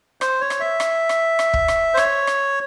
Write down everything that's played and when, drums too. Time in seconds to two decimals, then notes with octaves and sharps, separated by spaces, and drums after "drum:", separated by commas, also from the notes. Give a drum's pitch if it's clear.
0.21 C5, drum: rim click
0.41 C#5
0.50 drum: rim click
0.60 E5
0.80 drum: rim click
1.09 drum: rim click
1.39 drum: rim click
1.54 drum: kick
1.68 drum: rim click
1.94 C5
1.97 C#5, drum: rim click
2.27 drum: rim click